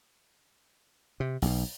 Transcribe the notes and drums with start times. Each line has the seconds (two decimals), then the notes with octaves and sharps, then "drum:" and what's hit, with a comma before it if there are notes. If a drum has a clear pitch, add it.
1.20 C3
1.42 B1 B2, drum: open hi-hat